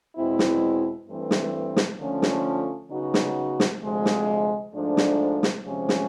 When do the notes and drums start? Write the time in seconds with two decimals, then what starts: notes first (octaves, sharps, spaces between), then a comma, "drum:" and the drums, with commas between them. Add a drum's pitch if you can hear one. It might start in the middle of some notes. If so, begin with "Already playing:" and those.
0.16 E2 B2 G#3 C4 E4
0.39 drum: snare
1.08 G2 E3 A3 C4
1.31 drum: snare
1.76 drum: snare
1.99 D3 F3 A3 C#4 F4
2.22 drum: snare
2.91 C#3 F#3 B3 D#4 F#4
3.14 drum: snare
3.60 drum: snare
3.82 D2 C3 F3 G#3
4.05 drum: snare
4.74 G#2 F3 A3 D4
4.97 drum: snare
5.43 drum: snare
5.65 D2 C3 F3 G#3 C#4
5.89 drum: snare